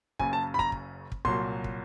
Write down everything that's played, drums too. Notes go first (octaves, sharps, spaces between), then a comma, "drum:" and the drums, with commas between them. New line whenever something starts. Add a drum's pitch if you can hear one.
F#1 F#2 C#3 G#5, drum: kick
A5
B5
A#5, drum: kick
drum: kick
drum: kick
C2 A#2 F#3 C6, drum: kick
drum: kick